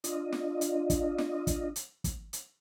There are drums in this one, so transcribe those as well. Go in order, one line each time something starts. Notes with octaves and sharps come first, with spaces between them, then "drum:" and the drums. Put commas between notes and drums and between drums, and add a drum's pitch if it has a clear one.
D4 F4 D#5, drum: hi-hat
drum: snare
drum: hi-hat
drum: kick, hi-hat
drum: snare
drum: kick, hi-hat
drum: hi-hat
drum: kick, hi-hat
drum: hi-hat